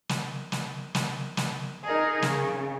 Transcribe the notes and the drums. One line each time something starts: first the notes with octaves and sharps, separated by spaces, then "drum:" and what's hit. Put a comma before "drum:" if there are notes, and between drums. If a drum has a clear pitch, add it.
drum: snare
drum: snare
drum: snare
drum: snare
D#4 G#4 A#4
C#3, drum: snare